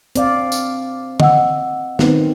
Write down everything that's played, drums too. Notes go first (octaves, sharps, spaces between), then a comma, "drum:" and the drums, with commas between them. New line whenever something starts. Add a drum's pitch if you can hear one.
C4 D5 F5, drum: hi-hat
drum: tambourine
D#5 F#5 E6, drum: tom D3
D#3 B3 C4, drum: snare